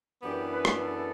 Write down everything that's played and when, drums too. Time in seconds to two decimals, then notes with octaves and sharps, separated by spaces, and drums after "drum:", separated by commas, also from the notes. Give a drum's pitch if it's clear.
0.22 F#2 E3 B3 D4 G4
0.51 B4
0.65 drum: rim click
0.79 A4